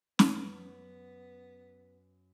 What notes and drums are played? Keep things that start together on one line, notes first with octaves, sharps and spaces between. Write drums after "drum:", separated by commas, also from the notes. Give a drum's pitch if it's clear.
F#2 F#3 B3, drum: snare